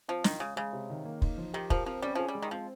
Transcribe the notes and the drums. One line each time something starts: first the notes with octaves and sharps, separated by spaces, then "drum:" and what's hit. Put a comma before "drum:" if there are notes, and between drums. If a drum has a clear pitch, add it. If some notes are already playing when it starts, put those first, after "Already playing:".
F3 C4
D#3 F4, drum: snare
C#3 G#3
C#3 G#3
C3
D#3
A#3
D#4, drum: kick
F3
D#3 G4
F3 A#4, drum: kick
F3 C4
G3 C#4
F3 G#4
G3
G#3
D#3
F3 C4